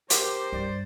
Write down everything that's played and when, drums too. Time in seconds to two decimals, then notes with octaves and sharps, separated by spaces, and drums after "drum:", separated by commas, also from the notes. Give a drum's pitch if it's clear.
0.10 G4 A#4 C5 D6, drum: hi-hat
0.52 G2 D5